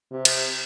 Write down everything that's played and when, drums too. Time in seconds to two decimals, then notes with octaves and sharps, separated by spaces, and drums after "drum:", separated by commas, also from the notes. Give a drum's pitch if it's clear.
0.12 C3
0.25 drum: cymbal